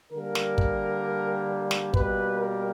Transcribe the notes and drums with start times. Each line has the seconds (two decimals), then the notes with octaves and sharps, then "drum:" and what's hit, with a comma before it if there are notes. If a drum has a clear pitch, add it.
0.13 D3 G3 A#3 A#4
0.35 drum: snare
0.58 drum: kick
1.71 drum: snare
1.94 B2 G3 A#3 B4, drum: kick
2.39 A#4